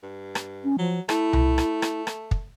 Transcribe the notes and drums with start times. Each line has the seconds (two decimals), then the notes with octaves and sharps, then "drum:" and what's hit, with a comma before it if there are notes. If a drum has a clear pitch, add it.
0.03 G2
0.35 drum: rim click
0.64 C#4
0.78 F3 F#3
1.09 A3 E4, drum: rim click
1.33 drum: tom C2
1.58 drum: rim click
1.82 drum: rim click
2.07 drum: rim click
2.31 drum: kick